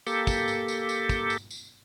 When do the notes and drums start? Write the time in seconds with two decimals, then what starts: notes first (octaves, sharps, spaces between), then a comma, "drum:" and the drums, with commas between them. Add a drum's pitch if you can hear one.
0.07 A#3 G4 A4, drum: tambourine
0.27 drum: kick, tambourine
0.48 drum: tambourine
0.68 drum: tambourine
0.89 drum: tambourine
1.09 drum: kick, tambourine
1.30 drum: tambourine
1.51 drum: tambourine